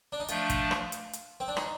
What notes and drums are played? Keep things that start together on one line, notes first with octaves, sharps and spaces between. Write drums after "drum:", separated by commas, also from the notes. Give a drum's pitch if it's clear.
D4
D#4
F3 A3 D4 F4, drum: hi-hat
drum: kick, hi-hat
drum: rim click
drum: hi-hat
drum: hi-hat
C4
D4
D#4, drum: rim click